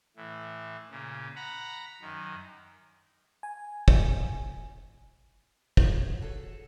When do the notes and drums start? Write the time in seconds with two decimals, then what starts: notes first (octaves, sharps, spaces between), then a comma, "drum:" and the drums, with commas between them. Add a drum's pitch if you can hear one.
0.16 A2 E3
0.90 A#2 C#3
1.36 F#5 A#5 B5
2.01 F#2 D#3
3.43 G#5
3.88 drum: kick
5.77 C#5, drum: kick
6.20 F#4 G#4 A4